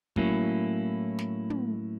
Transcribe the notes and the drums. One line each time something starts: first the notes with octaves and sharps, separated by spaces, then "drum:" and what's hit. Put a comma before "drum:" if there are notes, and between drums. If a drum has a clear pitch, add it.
A2 F#3 A#3 C#4 E4, drum: kick
drum: snare
drum: tom